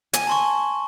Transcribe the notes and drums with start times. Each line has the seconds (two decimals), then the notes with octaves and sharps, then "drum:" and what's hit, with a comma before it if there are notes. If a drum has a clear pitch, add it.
0.13 G#5, drum: hi-hat
0.27 A5 C6 C#6